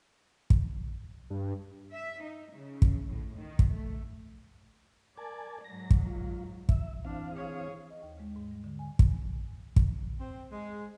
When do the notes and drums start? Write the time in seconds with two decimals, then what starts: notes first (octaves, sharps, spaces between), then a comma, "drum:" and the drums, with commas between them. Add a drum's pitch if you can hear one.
0.50 drum: kick
1.30 G2
1.93 E5
2.23 D#4
2.55 C#3
2.82 drum: kick
3.07 A2
3.38 D#3
3.59 drum: kick
3.72 A3
5.17 A#4 D5 G#5 A5
5.64 G#2 F#3 A#6
5.91 drum: kick
6.06 F4
6.69 E5, drum: kick
7.05 E3 C4 D4 F5
7.34 G#4 C#5
7.90 D#5
8.03 D#2
8.19 G#3
8.36 G#2
8.51 G3
8.64 D3
8.79 G#5
8.99 drum: kick
9.76 drum: kick
10.19 C4
10.52 G#3